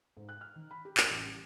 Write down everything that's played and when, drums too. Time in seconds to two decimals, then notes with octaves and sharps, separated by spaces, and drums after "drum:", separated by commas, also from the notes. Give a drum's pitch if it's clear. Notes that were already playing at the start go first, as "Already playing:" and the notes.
0.17 G#2
0.29 F#6
0.41 F6
0.56 D#3
0.71 B5
0.85 G4
0.97 A#4, drum: clap
1.11 A1
1.25 G3